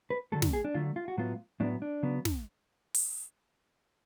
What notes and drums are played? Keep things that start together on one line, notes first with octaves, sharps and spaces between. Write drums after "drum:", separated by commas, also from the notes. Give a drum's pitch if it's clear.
B4
D3 F#3 A3 A4
drum: snare
G#4
D4
D3 F#3 A3 F4
F4
F#4
A2 F#3 B3 F4
A2 F#3 B3 D4
D4
C#3 F#3 B3
drum: snare
drum: open hi-hat